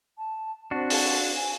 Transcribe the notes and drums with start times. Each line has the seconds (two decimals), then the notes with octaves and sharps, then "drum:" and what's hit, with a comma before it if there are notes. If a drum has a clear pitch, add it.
0.18 A5
0.71 C4 D4 F#4
0.90 drum: open hi-hat
1.36 G#5